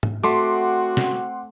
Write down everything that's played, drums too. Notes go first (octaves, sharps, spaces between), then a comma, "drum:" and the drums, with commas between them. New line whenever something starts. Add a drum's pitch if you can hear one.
drum: tom G#2
A3 C4 F#4 F#5 C6 D6
drum: snare